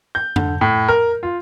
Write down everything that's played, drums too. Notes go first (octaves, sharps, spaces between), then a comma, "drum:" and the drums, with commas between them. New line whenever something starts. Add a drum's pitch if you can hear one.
G6
D3, drum: tom F2
A2
A#4
F4